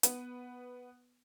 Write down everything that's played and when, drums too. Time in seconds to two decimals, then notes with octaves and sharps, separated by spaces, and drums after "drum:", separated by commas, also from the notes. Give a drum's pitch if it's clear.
0.03 B3 B4, drum: hi-hat